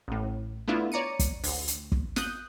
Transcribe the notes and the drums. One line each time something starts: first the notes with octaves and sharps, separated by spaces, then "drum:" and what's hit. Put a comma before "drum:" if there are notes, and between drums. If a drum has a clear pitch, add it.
A1 A2
A3 B3 D4 E4 F4
C#5 D5 A#5 C#7 D#7
drum: kick, hi-hat
D2, drum: open hi-hat
drum: hi-hat
drum: kick
D#6 F#6 G6, drum: snare